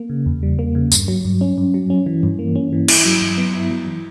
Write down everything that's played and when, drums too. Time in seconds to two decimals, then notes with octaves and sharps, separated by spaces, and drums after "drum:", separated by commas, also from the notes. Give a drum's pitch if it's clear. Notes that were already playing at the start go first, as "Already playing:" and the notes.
Already playing: A#3
0.10 C#3
0.26 E2
0.43 G3
0.59 A#3
0.75 C#3
0.92 G2, drum: tambourine
1.08 F#3
1.25 G2
1.41 C#4
1.58 G2
1.74 F#3
1.90 C#4
2.06 E3
2.23 G2
2.39 A#3
2.56 C#4
2.73 E3
2.88 E4, drum: cymbal
3.05 F#3
3.21 G2
3.38 B3
3.54 E4
3.70 F#3
3.87 E3